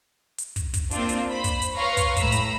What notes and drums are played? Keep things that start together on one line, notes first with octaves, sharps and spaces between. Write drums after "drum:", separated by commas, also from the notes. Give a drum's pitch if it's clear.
drum: hi-hat
drum: kick, hi-hat
drum: kick, hi-hat
A#3 C4 D4 F4, drum: hi-hat
drum: hi-hat
C5 B5
drum: kick, hi-hat
drum: hi-hat
B4 C#5 F5 A#5 C6 C#6
drum: kick, hi-hat
A2 A#5 B5 E6, drum: kick, hi-hat
drum: hi-hat